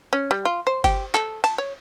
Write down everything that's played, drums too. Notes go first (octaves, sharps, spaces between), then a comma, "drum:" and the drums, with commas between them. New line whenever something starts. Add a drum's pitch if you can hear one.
C#4
G3
F4
C5
G4, drum: kick G1, cymbal
A4, drum: clap
A5, drum: cymbal
C#5